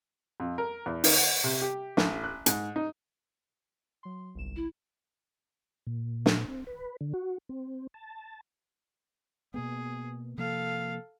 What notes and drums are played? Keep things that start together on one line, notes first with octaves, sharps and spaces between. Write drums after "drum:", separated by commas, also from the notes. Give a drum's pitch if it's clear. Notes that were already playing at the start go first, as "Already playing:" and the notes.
F2
A#4
E2
D#3, drum: open hi-hat
F#5
C3
G4
A1, drum: snare
F#6
G#2, drum: hi-hat
D#4
F#3 C6
G1 C2 E7
E4
A#2
drum: snare
C4
B4
D3
F#4
C4
A5
B2 A#3 B3 G#4
C3 F3 A#3 A4 F5